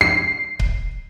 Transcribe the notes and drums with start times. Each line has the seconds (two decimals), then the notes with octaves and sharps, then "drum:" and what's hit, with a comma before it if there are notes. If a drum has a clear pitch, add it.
0.01 C7
0.60 drum: kick C#1